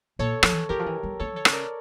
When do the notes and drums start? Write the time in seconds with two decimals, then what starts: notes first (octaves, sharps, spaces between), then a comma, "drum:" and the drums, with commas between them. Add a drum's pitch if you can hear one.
0.19 A#2 A4 C#5
0.43 F3 A4 C#5, drum: rim click
0.52 E3
0.69 E3 G4 A#4
0.79 F3
0.86 E3
1.03 G3
1.20 A3 A4 C#5
1.36 D3 A4 C#5
1.45 C#3, drum: rim click
1.53 A#4 D5